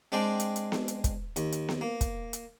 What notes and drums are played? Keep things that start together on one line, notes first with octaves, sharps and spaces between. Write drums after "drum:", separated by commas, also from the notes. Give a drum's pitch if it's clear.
G#3 C4 D4 D5 G5
drum: hi-hat
drum: hi-hat
drum: snare B3
drum: hi-hat
drum: kick, hi-hat
D#2, drum: hi-hat
drum: hi-hat
drum: snare B3
A#3
drum: kick, hi-hat
drum: hi-hat